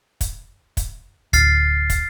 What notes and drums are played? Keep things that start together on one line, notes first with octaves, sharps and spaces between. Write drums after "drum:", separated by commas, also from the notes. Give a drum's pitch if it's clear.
drum: kick, hi-hat
drum: kick, hi-hat
D1 F6 A6 C7, drum: kick, hi-hat
drum: kick, hi-hat